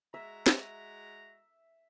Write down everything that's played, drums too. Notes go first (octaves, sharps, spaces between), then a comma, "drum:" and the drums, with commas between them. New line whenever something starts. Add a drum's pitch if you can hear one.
G#3 F#4 E5 A#5
drum: snare